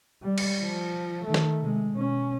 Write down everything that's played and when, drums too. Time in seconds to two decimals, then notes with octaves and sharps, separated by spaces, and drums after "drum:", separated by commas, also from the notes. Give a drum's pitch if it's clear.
0.22 G3
0.38 drum: cymbal
0.62 F3
1.25 D#3 A3
1.34 drum: snare
1.61 C3 G#3
1.91 B2 C#4